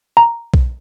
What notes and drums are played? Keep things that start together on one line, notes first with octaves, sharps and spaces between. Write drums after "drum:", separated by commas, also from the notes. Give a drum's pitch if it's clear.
A#5
drum: kick B1